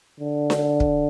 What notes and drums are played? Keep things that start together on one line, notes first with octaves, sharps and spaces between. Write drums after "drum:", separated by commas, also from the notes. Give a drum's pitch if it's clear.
D3
drum: snare D4
drum: kick